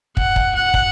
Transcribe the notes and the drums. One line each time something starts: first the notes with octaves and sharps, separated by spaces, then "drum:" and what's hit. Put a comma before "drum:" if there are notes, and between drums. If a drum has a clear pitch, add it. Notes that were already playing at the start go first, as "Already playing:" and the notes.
F#5, drum: kick
drum: kick
F#5
drum: kick